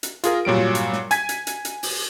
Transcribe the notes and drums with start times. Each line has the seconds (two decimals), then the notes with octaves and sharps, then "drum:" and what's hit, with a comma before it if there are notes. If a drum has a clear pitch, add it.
0.03 drum: hi-hat
0.24 F4 G#4 A#4, drum: hi-hat
0.45 A#2 F#3 G3 D7
0.57 drum: tom
0.75 drum: hi-hat
0.93 drum: snare
1.11 G#5 G#6 B6, drum: hi-hat
1.29 drum: hi-hat
1.47 drum: hi-hat
1.65 drum: hi-hat
1.83 drum: open hi-hat